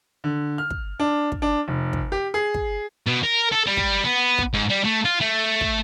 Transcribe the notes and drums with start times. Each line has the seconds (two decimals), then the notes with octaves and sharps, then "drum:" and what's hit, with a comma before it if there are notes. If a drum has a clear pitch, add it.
0.24 D3
0.58 F6
0.71 drum: kick
1.00 D4
1.32 drum: kick
1.42 D4
1.68 F1
1.93 drum: kick
2.12 G4
2.34 G#4
2.54 drum: kick
3.07 B2
3.23 A#4
3.52 A4
3.66 G3
3.77 drum: kick
4.04 B3
4.38 drum: kick
4.54 G#2
4.70 G3
4.85 A3
5.05 F4
5.21 A3
5.61 drum: kick